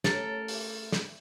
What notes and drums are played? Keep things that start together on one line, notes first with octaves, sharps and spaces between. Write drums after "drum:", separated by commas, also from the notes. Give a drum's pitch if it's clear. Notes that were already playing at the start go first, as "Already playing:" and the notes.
A3 C#4 G4 A4 A#4, drum: snare
drum: open hi-hat
drum: snare